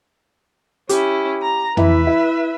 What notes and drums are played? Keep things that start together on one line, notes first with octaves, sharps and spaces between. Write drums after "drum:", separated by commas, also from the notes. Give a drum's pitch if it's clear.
C#4 E4 G4, drum: hi-hat
A#5
E3 E4 B4 E5, drum: tom
E4